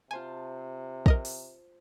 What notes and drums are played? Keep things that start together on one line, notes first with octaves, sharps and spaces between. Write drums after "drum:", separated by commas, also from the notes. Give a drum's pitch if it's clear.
C3 F4 C5 G#5 A5
A#4 D#5 A#5, drum: kick
drum: open hi-hat